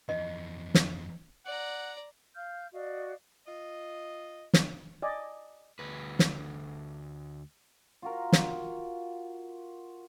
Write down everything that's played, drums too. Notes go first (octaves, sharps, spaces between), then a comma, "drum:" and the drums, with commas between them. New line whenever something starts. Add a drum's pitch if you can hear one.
F2 E3 D#5
drum: snare
D5 F#5 A#5
F5 F6 G6
F#4 D5 D#5 F5
F4 D#5
drum: snare
D5 D#5 G#5
D2 B4
drum: snare
F4 F#4 A#4
drum: snare